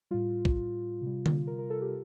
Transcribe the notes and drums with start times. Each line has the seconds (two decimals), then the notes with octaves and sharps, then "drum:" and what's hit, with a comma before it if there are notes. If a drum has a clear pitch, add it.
0.11 A2 G3 F4
0.45 drum: kick B1
1.02 C3 G3
1.26 drum: tom D3
1.47 A#4
1.59 A#4
1.70 A4
1.82 G4